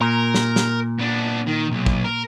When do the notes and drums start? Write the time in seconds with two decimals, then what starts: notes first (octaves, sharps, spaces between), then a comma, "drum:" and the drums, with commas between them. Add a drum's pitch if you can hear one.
0.01 A#2 A#4
0.34 drum: snare
0.56 drum: snare
1.00 B3 D4
1.47 D#3
1.71 B1
1.86 drum: kick
2.04 A#4